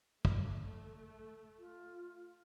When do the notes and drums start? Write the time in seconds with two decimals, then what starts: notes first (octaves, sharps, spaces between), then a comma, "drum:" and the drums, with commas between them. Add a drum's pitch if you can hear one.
0.25 A3, drum: kick
1.59 F4